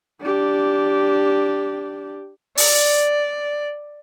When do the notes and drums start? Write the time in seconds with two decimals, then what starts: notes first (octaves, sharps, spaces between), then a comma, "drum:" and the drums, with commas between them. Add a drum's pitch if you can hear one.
0.21 D4 G4
2.57 D5, drum: open hi-hat